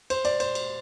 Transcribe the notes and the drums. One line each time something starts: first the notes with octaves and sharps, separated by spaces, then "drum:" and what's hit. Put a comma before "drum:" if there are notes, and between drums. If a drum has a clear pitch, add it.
C5, drum: cymbal
D5, drum: cymbal
C5, drum: cymbal
drum: cymbal